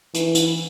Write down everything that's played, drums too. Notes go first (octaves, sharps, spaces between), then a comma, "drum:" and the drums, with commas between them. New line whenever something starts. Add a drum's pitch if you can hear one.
E3, drum: hi-hat
drum: hi-hat